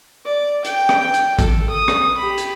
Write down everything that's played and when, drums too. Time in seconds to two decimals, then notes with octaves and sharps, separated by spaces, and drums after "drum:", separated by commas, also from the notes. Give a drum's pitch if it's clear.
0.25 D5
0.65 G5, drum: hi-hat
0.89 drum: rim click
1.00 G5
1.14 drum: hi-hat
1.39 A4, drum: kick A1, hi-hat
1.69 D#6
1.88 drum: rim click
2.17 G4 B5
2.38 drum: hi-hat